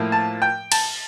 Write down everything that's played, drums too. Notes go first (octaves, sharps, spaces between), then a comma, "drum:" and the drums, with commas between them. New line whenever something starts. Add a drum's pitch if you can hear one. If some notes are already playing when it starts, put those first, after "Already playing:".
Already playing: A2 F3 A#3
A5
G5
A5, drum: cymbal